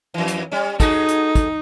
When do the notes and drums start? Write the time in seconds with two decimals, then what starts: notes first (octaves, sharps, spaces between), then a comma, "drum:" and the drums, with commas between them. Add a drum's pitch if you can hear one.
0.14 F2 E3
0.28 drum: hi-hat
0.52 G3 C#4
0.80 D#4 F#4 G#4 A4, drum: kick, hi-hat
1.08 drum: hi-hat
1.35 drum: kick, hi-hat